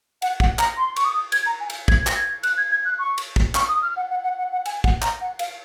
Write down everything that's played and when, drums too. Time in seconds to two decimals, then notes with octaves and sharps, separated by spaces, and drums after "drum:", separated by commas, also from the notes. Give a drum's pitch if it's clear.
0.22 F#5, drum: cymbal
0.40 F#5, drum: kick
0.59 A#5, drum: clap
0.77 C6
0.96 C#6, drum: cymbal
1.05 D#6
1.32 G#6, drum: cymbal
1.46 A#5
1.60 G#5
1.70 drum: cymbal
1.88 G#6, drum: kick
2.07 A#6, drum: clap
2.16 G#6
2.43 F#6, drum: cymbal
2.57 G#6
2.71 G#6
2.85 F#6
2.99 C#6
3.18 drum: cymbal
3.36 drum: kick
3.55 C#6, drum: clap
3.69 D#6
3.82 F6
3.96 F#5
4.10 F#5
4.24 F#5
4.38 F#5
4.52 F#5
4.66 G#5, drum: cymbal
4.84 F#5, drum: kick
5.02 A#5, drum: clap
5.21 F#5
5.39 F5, drum: cymbal